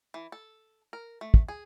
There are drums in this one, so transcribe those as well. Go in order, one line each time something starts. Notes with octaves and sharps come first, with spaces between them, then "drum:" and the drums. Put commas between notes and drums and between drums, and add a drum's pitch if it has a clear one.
E3
A4
A#4
A3
drum: kick
G#4